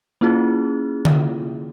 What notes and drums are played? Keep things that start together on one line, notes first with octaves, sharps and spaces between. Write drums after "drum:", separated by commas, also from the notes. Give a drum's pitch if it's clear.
A#3 C#4 E4 F4 G#4
drum: tom D3